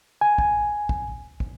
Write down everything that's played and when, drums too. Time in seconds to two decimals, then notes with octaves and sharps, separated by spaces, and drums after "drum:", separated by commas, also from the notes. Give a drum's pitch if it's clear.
0.21 G#5
0.38 drum: kick
0.89 drum: kick
1.40 drum: kick